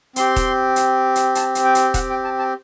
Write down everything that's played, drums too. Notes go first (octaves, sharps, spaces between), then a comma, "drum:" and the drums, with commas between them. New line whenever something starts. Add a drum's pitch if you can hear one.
C4 G4 C6, drum: hi-hat
drum: kick D#1, hi-hat
drum: hi-hat
drum: hi-hat
A5, drum: hi-hat
drum: hi-hat
G5
drum: hi-hat
F#5, drum: kick D#1, hi-hat
G5
A5
A5